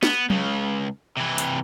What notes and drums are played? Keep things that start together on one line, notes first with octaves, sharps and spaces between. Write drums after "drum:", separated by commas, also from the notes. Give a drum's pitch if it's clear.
B3, drum: snare
C#2 C#3, drum: tom F#3
C3 E3
drum: hi-hat